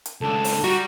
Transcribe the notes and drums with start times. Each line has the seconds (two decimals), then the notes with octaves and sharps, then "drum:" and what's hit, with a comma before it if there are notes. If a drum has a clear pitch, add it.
0.06 drum: hi-hat
0.21 C#2 D4 A4
0.44 drum: open hi-hat
0.64 G3 F#4 A#5